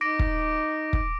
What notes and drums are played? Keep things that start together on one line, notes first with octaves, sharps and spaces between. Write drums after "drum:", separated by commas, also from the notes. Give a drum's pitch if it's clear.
D#4 D6 A#6 D7
drum: kick
drum: kick